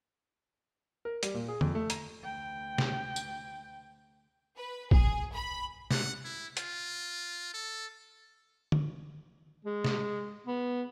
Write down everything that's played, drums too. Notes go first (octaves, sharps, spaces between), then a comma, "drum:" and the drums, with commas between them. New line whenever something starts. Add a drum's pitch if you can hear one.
A#4
G3, drum: hi-hat
A#2
G#4
F2, drum: tom
A3
A#5, drum: hi-hat
D2 G5
drum: snare
drum: tambourine
B4
G#4, drum: kick A#1
B5
F#5, drum: snare
E4
F4, drum: hi-hat
A4
drum: tom
G#3
drum: snare
B3